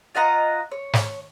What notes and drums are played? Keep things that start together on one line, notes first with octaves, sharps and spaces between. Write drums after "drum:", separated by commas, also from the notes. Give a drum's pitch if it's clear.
F4 D#5 F#5 A#5
C#5
drum: snare